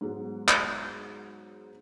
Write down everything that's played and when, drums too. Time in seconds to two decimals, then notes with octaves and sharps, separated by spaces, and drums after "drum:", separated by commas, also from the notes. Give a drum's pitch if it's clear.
0.01 G#2 F#3 G#3 B3
0.48 drum: clap